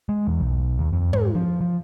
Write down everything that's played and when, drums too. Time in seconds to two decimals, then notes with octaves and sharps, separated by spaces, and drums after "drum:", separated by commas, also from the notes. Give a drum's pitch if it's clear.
0.09 G#3
0.27 E2
0.41 B1
0.78 D#2
0.93 F2
1.13 G#2, drum: tom
1.35 F3
1.61 F3